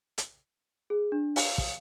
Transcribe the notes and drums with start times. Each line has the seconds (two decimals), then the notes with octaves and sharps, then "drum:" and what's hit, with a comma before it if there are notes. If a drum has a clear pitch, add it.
0.18 drum: hi-hat
0.90 G#4
1.12 D4
1.36 F5, drum: open hi-hat
1.58 drum: kick